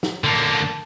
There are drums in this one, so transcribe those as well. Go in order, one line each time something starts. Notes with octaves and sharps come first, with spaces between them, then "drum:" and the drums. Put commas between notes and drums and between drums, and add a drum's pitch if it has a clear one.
drum: snare
D3 A#3 A5